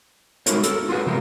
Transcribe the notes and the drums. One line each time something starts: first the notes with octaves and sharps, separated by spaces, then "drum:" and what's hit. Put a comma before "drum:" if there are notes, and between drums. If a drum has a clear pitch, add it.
G#3 D#4 F#4 A#4 C#5, drum: hi-hat
A4 A#4, drum: hi-hat
F4 F#4 G#4 B4
C3 F3 F#3 G#3 A3 A#4